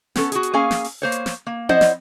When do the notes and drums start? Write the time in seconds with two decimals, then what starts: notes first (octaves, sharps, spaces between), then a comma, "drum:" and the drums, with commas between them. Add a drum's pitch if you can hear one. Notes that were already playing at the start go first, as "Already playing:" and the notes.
0.16 B3 C#4 A4, drum: snare
0.32 F#4 G#4, drum: hi-hat
0.43 drum: hi-hat
0.53 A#3 C#4 G#4 F5 G#5
0.71 drum: snare
0.84 drum: open hi-hat
1.02 A#3 C5 C#5
1.12 drum: hi-hat
1.26 drum: snare
1.47 A#3
1.69 E4 C5 D5 D#5 F#5, drum: tom C4
1.81 drum: snare